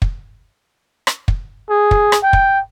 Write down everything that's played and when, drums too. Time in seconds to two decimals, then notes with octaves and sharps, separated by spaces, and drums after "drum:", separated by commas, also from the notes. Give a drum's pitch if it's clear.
0.02 drum: kick
1.07 drum: rim click
1.28 drum: kick
1.70 G#4
1.91 drum: kick
2.12 drum: rim click
2.23 G5
2.33 drum: kick